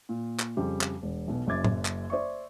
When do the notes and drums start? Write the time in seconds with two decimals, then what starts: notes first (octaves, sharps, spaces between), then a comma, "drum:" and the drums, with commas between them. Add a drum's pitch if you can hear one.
0.09 A#2
0.40 drum: clap
0.57 F2 C#3 G3
0.81 drum: clap
1.02 E1
1.27 B1 B2
1.47 F#1 F#2 D6 G#6 A6
1.64 drum: tom A2
1.85 drum: clap
2.10 C5 D5 E5 C#6